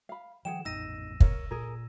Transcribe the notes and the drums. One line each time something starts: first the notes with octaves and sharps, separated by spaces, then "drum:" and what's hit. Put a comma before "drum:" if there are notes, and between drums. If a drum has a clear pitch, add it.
F5 B5
D#3 F3 G#4 F#5 G5 E7
A1 F2 D#4 E6 A#6 D#7
A#4 C#5 F5, drum: kick
A#2 G#4 A#4